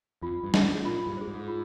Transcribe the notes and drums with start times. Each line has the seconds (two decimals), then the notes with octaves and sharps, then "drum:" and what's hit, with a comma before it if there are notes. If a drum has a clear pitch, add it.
0.22 F2 F4
0.44 G2
0.54 G#4 C5, drum: snare
0.64 G#2
0.85 A#2 F4
1.07 G2
1.17 G#4 C5
1.28 G#2
1.48 F4